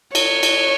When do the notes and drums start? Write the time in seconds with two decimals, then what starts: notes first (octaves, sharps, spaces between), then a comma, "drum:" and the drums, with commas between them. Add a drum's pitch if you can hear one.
0.15 C#5, drum: cymbal
0.43 drum: cymbal